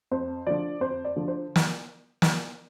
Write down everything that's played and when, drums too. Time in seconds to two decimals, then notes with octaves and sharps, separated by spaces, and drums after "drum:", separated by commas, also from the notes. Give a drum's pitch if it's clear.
0.11 F2 C5
0.47 D3 F3 D5
0.81 F2 C5
1.05 D5
1.16 D3 F3
1.28 C5
1.56 drum: snare
2.22 drum: snare